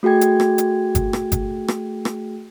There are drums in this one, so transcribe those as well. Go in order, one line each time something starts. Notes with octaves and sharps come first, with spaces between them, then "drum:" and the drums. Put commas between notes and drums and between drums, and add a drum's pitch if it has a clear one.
A3 F#4 G#4 G5 G#6
drum: hi-hat
drum: rim click
drum: hi-hat
drum: kick G1, hi-hat
drum: rim click
drum: kick G1, hi-hat
drum: rim click
drum: rim click